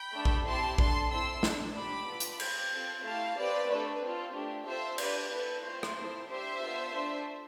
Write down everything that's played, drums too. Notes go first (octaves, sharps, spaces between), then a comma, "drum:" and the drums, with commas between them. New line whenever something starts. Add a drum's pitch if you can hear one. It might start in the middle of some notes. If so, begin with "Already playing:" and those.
Already playing: G5 B5
A3 D4 A4
drum: kick A#1
C4 E4 G4 A5 C6
D4 A4 A5 C6, drum: kick A#1
C4 E4 A4 C6 E6
D4 A4, drum: snare
D4 G4 B5 D6
B3 F4 A4
drum: hi-hat
C4 G4, drum: cymbal
C4 F4 A4
A3 E4 G4 F5 A5
C4 G4 B4 D5
A3 D4 A4 B4
C4 F4 A4
A3 D4 G4
C4 F4 A4 C5 E5
D4 G4 B4 D5, drum: cymbal
B3 E4 A4 B4
A3 C4 F4 C5
drum: rim click
C4 E4 A4
D4 G4 C5 E5
B3 D4 F4 A4
A3 D4 A4